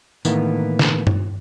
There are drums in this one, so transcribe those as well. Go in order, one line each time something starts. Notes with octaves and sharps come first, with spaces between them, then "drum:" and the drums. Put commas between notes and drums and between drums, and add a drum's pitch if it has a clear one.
A2 D#3 E3 A#3 B3, drum: tambourine
drum: snare
drum: tom G2